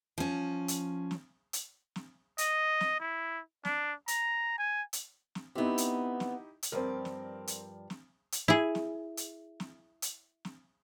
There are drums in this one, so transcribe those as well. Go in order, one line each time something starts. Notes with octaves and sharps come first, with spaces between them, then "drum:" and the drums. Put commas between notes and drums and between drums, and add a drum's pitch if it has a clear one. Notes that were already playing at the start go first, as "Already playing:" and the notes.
F3 C#4
drum: hi-hat
drum: snare
drum: hi-hat
drum: snare
D#5, drum: hi-hat
drum: snare
E4
D4, drum: snare
A#5, drum: hi-hat
G#5
drum: hi-hat
drum: snare
B3 C4 D#4 E4 G4
drum: hi-hat
drum: snare
drum: hi-hat
G2 F3 C4 A#4 D5
drum: snare
drum: hi-hat
drum: snare
drum: hi-hat
E4 G#4
drum: snare
drum: hi-hat
drum: snare
drum: hi-hat
drum: snare